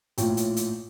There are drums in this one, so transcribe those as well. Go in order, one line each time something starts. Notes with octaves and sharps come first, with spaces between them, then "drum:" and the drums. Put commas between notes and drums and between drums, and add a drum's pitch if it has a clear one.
A#1 A2 F4 C#5 G5, drum: hi-hat
drum: hi-hat
drum: hi-hat